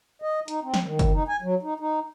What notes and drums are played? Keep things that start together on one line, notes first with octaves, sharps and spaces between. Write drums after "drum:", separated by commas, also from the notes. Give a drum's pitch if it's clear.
D#5
D#4, drum: hi-hat
C4
drum: snare
D#3
drum: kick, hi-hat
D#4
G#5
F#3
D#4
D#4